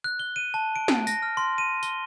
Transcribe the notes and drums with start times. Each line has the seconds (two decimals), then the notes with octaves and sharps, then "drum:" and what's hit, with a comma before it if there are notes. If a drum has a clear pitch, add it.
0.04 F#6
0.19 G7
0.36 D#7
0.54 A5
0.76 D7
0.88 drum: snare
1.07 A#6, drum: tambourine
1.22 F6
1.37 C6
1.58 D#7
1.83 G7, drum: tambourine